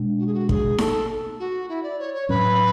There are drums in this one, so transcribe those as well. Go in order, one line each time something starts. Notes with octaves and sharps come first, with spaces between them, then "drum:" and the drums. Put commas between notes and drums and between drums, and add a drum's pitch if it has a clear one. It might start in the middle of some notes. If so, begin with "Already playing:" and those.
Already playing: B2 G#3 D4
F#4
G#4
F#4
G#4, drum: kick
A4, drum: snare D#4
F#4
E4
D5
C#5
C#5
A2 F#3 C#4 B4